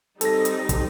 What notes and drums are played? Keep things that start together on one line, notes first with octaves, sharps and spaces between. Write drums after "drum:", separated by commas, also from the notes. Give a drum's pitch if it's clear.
G3 C4 D#4 A4 A#6, drum: hi-hat
drum: hi-hat
drum: kick, hi-hat